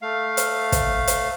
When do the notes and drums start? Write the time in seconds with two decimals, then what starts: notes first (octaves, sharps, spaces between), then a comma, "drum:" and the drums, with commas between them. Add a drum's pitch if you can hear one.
0.02 A3 F5
0.37 drum: hi-hat
0.72 drum: kick, hi-hat
1.07 drum: hi-hat